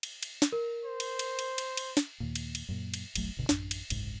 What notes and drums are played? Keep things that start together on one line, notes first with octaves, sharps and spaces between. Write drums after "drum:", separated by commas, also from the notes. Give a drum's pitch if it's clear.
drum: cymbal
drum: cymbal
drum: snare
A#4
C5
drum: cymbal
drum: cymbal
drum: cymbal
drum: cymbal
drum: cymbal
drum: snare
D#2 A#2
drum: cymbal
drum: cymbal
F#2 A#2
drum: cymbal
F1 B1 F#3 A3, drum: cymbal
F#1 C#2 B2 D3
A1 F#2 D4, drum: snare
drum: cymbal
F#1 C2 G#2, drum: cymbal